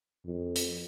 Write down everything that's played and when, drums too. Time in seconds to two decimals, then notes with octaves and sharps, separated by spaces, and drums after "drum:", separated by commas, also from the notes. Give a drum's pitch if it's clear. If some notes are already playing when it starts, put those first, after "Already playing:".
0.26 F2
0.56 drum: hi-hat